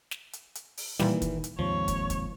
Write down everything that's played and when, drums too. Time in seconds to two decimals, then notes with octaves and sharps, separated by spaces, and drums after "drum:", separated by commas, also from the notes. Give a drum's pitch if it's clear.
0.11 drum: snare
0.33 drum: hi-hat
0.55 drum: hi-hat
0.77 drum: open hi-hat
1.00 A#2 D#3 E3 G3, drum: snare
1.22 drum: kick, hi-hat
1.44 drum: hi-hat
1.59 D#2 G#2 C3 F3 C#5
1.88 drum: kick, hi-hat
2.10 drum: kick, hi-hat